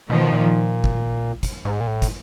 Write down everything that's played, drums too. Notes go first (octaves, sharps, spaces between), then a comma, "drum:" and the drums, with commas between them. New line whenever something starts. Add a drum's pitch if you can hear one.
B2 D#3 F3
A#2
drum: kick
drum: kick, hi-hat
G#2
A#2
A2
drum: kick, hi-hat